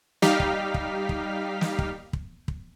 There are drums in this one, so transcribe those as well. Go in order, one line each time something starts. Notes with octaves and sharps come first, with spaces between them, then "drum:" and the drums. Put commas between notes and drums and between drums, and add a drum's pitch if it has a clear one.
G3 D#4 G4 F5 F6 B6, drum: snare
drum: kick
drum: kick
drum: kick
drum: snare
drum: kick
drum: kick
drum: kick